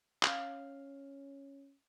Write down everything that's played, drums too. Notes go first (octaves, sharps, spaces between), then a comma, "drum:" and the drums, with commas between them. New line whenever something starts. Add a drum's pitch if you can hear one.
C#4 F5, drum: clap